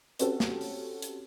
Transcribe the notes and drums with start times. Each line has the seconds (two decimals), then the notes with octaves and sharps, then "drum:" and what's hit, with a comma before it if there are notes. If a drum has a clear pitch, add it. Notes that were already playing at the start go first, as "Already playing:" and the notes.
0.19 C4 C#4 F#4 G4 A4, drum: hi-hat
0.40 drum: snare
0.61 drum: open hi-hat
1.02 drum: hi-hat